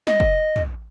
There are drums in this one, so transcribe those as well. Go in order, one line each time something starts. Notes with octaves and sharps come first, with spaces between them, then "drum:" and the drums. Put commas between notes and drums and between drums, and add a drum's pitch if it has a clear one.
D#5, drum: snare
drum: kick
drum: tom